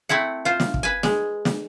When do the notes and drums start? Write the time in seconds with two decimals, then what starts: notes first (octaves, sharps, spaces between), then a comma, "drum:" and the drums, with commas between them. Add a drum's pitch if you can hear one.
0.09 A3 C4 E4 F#5
0.45 F4 C5
0.60 drum: snare
0.74 drum: kick
0.83 B4 G#5
1.03 G#3, drum: snare
1.45 drum: snare